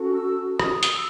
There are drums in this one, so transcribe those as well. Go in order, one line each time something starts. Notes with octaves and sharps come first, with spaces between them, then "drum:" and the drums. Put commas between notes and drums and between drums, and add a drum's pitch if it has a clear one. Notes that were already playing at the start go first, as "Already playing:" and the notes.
Already playing: C#4 F#4 A4
E6
D#6, drum: rim click
drum: hi-hat
E6